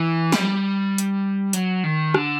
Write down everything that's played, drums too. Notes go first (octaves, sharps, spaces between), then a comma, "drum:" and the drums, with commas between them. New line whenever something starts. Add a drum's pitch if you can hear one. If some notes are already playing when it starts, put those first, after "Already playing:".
Already playing: E3
G3, drum: snare
drum: hi-hat
F#3, drum: hi-hat
D#3
D3, drum: rim click